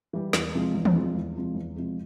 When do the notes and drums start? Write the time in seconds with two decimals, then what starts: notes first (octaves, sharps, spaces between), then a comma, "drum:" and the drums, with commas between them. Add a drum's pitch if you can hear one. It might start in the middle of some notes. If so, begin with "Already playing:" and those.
0.13 E3 G3
0.33 E2, drum: snare
0.55 C3 F3 G#3
0.74 E2
0.85 drum: tom
0.95 C3 F3 G#3
1.15 E2
1.35 C3 F3 G#3
1.55 E2
1.76 C3 F3 G#3